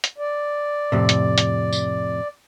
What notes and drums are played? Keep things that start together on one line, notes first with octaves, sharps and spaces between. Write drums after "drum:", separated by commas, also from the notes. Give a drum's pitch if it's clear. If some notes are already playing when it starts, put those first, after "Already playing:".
drum: hi-hat
D5
F2 A2 C3
drum: hi-hat
drum: hi-hat
drum: tambourine